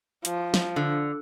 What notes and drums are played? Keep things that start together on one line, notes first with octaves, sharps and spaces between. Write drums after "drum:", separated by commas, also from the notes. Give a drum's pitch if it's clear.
F3, drum: hi-hat
drum: snare
D3